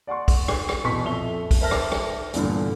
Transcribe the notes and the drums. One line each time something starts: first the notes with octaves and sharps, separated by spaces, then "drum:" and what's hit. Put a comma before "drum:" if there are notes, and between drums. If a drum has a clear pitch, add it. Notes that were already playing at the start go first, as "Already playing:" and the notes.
D5 F#5 C6 C#6
drum: kick, open hi-hat
drum: rim click
drum: rim click
E2 B2 C#6 B6
F2 A4 E5 F7 G7
drum: kick, open hi-hat
A#4 C5 E5 A5 F6 A#6
drum: rim click
drum: rim click
E2 G2 A#2 D3, drum: hi-hat